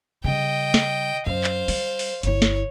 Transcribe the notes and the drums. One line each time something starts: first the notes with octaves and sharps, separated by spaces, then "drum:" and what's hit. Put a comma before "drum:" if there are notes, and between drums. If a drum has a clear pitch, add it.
C#3 G3 D#5 G5
drum: snare
F#2 C5 F5
drum: clap
G3, drum: open hi-hat
drum: open hi-hat
G1 E4 C#5, drum: hi-hat
drum: snare